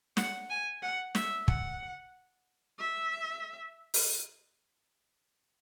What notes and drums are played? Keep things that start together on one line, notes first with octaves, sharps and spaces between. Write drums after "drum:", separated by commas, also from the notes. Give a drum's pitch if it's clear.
F#5, drum: snare
G#5
F#5
E5, drum: snare
F#5, drum: kick
E5
drum: open hi-hat